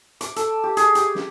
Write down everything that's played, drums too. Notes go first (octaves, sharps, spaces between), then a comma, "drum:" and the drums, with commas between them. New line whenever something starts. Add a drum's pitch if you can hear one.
D6, drum: hi-hat
A4, drum: hi-hat
G4
G#4, drum: hi-hat
G4, drum: hi-hat
drum: snare